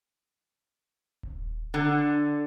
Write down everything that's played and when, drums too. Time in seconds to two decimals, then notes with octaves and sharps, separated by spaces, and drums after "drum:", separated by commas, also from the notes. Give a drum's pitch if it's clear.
1.23 drum: kick D#1
1.74 D3